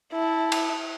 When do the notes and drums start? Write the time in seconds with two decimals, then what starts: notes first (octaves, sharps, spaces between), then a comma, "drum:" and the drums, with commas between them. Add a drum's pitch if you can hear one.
0.12 E4 A5
0.52 drum: cymbal